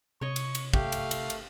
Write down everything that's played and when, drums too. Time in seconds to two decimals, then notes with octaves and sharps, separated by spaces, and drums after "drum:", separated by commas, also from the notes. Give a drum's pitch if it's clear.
0.21 C3 C#5 D#5 C#6
0.36 drum: cymbal
0.55 drum: cymbal
0.74 A3 G4 F5, drum: kick
0.92 drum: cymbal
1.11 drum: cymbal
1.30 drum: cymbal